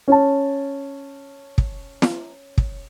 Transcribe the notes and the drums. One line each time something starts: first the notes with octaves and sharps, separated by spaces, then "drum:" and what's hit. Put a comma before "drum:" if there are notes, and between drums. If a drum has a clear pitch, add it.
C#4 A5
drum: kick
drum: snare
drum: kick